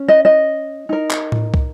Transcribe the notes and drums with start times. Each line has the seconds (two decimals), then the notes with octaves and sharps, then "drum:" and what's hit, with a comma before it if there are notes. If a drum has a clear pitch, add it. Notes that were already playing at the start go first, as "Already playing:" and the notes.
Already playing: C#4
0.08 D#5
0.25 D#5
0.89 D#4 A#4
1.11 drum: clap
1.32 drum: tom A2
1.54 drum: kick